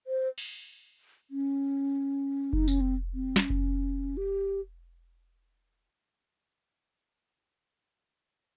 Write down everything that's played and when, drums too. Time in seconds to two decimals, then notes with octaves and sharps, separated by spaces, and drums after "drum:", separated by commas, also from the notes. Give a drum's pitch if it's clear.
0.07 C5
0.38 drum: cymbal
1.31 C#4
2.53 D#4, drum: kick F1
2.68 C#4, drum: tambourine
2.81 C4
3.14 C4
3.36 C#4, drum: snare
3.50 drum: kick F1
4.17 G4